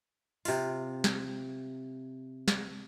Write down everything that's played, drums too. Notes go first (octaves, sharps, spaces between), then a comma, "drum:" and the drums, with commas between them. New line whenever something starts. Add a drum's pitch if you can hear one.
C3 F4, drum: open hi-hat
drum: snare
drum: snare